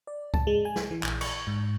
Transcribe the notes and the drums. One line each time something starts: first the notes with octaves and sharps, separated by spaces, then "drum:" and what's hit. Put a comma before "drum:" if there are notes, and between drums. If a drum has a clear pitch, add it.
D5
A5, drum: kick C#2
G#3
G#5
drum: snare
E3
A#1, drum: clap
C#6, drum: cymbal
G#2